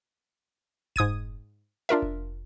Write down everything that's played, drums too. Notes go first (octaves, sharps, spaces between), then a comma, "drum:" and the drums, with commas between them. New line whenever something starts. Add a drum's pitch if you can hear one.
G#2 D#6 G#6 D#7, drum: kick F1
D4 F4 A#4 E5
drum: kick F1